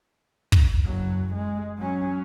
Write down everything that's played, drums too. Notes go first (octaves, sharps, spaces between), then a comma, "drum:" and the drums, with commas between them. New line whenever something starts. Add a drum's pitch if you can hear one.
drum: kick
F#1 F#3
G#3
F#3 C#4